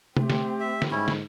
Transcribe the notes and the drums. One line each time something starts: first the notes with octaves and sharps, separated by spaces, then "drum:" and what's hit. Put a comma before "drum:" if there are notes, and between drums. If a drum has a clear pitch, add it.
A3 C4 G4, drum: tom
drum: snare
E5
drum: snare
G#2 G3 C#4 E4
drum: snare